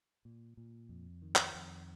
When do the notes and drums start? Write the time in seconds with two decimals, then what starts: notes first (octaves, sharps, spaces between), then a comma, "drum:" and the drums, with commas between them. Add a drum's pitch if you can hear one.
0.25 A#2
0.57 A#2
0.89 F2
1.22 D#3
1.36 drum: clap
1.54 F2